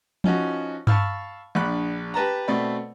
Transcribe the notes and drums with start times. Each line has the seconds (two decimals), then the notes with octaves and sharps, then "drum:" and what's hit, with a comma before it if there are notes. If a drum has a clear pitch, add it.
0.24 F3 C#4 D#4 F#4, drum: tom F3
0.87 F5 A5 B5 C#6 E6 F6, drum: tom G2
1.55 A#1 D4 B5 F#6
2.14 G4 B4 A5 A#5
2.48 B2 A3 C4 D5 B5